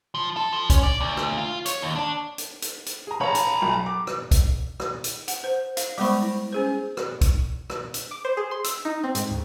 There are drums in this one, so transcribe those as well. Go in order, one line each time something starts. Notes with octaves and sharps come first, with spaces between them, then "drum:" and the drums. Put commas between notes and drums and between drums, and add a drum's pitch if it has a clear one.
F3
A4
F3
C#4, drum: kick, hi-hat
D5
D2
drum: rim click
F4
C#5, drum: hi-hat
D#2
D4
drum: hi-hat
drum: hi-hat
drum: hi-hat
G#4 A#5
C#5 F5 A#5 B5
drum: hi-hat
B1
D6
drum: rim click
drum: kick, hi-hat
drum: rim click
drum: hi-hat
F#5, drum: hi-hat
C5
F5, drum: hi-hat
G3 G#3 B3 C5 B5 C#6, drum: open hi-hat
E4
C#4 G#4 C5
drum: rim click
drum: kick, hi-hat
drum: rim click
drum: hi-hat
D6
C5
G#4
C6
E6, drum: hi-hat
D#4
C4
G#2, drum: hi-hat
D2